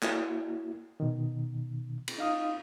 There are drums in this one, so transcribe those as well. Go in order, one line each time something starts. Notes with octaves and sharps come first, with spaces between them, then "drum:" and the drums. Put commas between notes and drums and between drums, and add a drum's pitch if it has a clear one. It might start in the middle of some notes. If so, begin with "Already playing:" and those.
A#3 E4 F#4, drum: clap
B2 D#3
drum: cymbal
D#4 F5 D#6